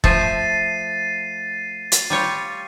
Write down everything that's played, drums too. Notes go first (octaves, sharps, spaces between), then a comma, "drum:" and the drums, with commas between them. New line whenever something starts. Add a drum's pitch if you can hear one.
F3 A3 A6 C7 D#7, drum: kick
drum: hi-hat
G3 F4 C#5